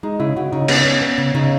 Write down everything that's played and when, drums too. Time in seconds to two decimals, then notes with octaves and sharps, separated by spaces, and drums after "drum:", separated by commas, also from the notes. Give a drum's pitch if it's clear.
0.03 G#3 D#4
0.19 C#3 E4
0.36 C#3 F#4
0.52 C#3 D#4
0.68 B3 C#4, drum: cymbal
0.85 B3
1.02 B3
1.18 C#3
1.35 C#3 D#4